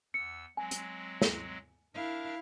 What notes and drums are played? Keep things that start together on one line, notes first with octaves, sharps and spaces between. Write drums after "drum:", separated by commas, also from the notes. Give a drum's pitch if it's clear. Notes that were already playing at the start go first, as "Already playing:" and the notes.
E2 E6 C#7
F#3 G#3 C4 G#5
drum: hi-hat
drum: snare
D4 E4 A#4 F5